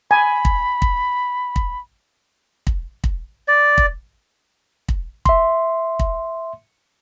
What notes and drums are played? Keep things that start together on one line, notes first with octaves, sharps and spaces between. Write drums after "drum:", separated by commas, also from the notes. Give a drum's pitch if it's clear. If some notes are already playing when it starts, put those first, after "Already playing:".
G#5 B5
drum: kick
drum: kick
drum: kick
drum: kick
drum: kick
D5
drum: kick
drum: kick
E5 C6, drum: kick
drum: kick